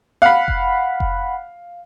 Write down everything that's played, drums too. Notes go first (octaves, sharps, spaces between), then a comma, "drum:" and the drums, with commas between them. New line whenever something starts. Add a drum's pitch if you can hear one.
F5 F#5 B5
drum: kick F1
drum: kick F1